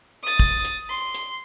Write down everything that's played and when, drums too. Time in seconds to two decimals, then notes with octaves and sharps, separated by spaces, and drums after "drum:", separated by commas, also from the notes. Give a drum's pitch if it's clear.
0.23 D#6 A6
0.40 drum: kick
0.64 drum: hi-hat
0.89 C6
1.14 drum: hi-hat